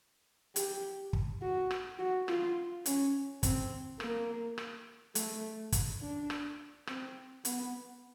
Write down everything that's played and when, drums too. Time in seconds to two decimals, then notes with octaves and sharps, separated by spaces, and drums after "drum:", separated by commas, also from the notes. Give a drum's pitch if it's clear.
0.56 G4, drum: hi-hat
1.13 drum: kick
1.42 F#4
1.71 drum: rim click
1.99 F#4
2.28 F4, drum: rim click
2.86 C#4, drum: hi-hat
3.43 C4, drum: kick, hi-hat
4.00 A#3, drum: rim click
4.58 drum: rim click
5.15 A3, drum: hi-hat
5.72 drum: kick, hi-hat
6.01 D4
6.30 drum: rim click
6.87 C4, drum: rim click
7.45 B3, drum: hi-hat